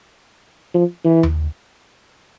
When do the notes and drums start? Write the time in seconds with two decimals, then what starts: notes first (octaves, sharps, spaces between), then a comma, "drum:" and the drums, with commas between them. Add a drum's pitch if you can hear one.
0.74 F3
1.04 E3
1.23 drum: tom D#2